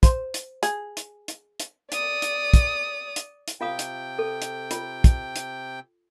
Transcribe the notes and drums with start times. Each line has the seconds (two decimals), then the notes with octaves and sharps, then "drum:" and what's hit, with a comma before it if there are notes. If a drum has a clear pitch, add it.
0.03 C5, drum: kick, hi-hat
0.34 drum: hi-hat
0.63 G#4, drum: hi-hat
0.97 drum: hi-hat
1.28 drum: hi-hat
1.60 drum: hi-hat
1.92 D5 D#6, drum: hi-hat
2.22 drum: hi-hat
2.54 drum: kick, hi-hat
3.16 drum: hi-hat
3.48 drum: hi-hat
3.61 C3 F4 F5 G5 D#6
3.79 drum: hi-hat
4.19 A4
4.42 drum: hi-hat
4.71 F4, drum: hi-hat
5.04 drum: kick, hi-hat
5.36 drum: hi-hat